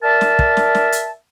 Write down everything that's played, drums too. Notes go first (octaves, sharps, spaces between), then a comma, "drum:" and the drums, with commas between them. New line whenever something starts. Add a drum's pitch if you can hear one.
A#4 D5 E5 A5
drum: snare
drum: kick
drum: snare
drum: snare
drum: hi-hat